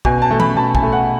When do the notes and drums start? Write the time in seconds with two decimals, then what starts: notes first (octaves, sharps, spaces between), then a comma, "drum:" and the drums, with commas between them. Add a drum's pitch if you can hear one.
0.05 B2 G#5, drum: kick
0.22 A5
0.31 A3
0.40 B5, drum: tom
0.57 B2 A5
0.75 G#5, drum: kick
0.83 A3
0.92 F#5